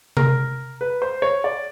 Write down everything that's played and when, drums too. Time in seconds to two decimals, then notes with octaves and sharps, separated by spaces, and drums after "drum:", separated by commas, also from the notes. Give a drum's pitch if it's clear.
0.17 A#4, drum: tom C3
0.81 B4
1.02 C5
1.22 C#5
1.44 D5